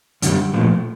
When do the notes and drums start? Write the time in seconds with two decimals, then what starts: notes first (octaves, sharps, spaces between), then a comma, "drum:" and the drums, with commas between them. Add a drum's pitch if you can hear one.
0.22 F#2 D3 G3, drum: hi-hat
0.54 A#2 F3 A3